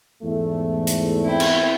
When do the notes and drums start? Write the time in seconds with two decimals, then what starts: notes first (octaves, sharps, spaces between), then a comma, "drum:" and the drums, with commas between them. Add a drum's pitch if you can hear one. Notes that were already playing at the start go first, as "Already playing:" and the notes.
0.22 E2 G#2 A3
0.87 drum: hi-hat
1.24 C4 E4 G5
1.40 drum: cymbal